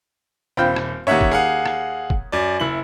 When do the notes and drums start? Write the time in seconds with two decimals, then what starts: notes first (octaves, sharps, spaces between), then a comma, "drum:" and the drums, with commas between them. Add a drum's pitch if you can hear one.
0.57 D#1 C4 F4 G5 B5
0.76 drum: rim click
1.07 D#2 C#4 C#5 E5 F#5
1.21 drum: kick
1.31 G#4 F5 F#5
1.66 drum: rim click
2.10 drum: kick
2.32 F#2 D5
2.60 F#1 E4 F#7